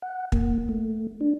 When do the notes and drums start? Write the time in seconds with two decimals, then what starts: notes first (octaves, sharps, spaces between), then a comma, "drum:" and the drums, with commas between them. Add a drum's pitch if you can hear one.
0.02 F#5
0.32 A#3, drum: kick
0.69 A3
1.21 D4